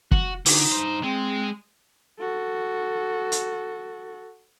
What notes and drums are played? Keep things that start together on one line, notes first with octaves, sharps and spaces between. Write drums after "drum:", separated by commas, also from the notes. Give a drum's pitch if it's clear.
F#4, drum: kick
D3 D#4, drum: open hi-hat
G2 C5
G#3 C4
F#4 A4
drum: hi-hat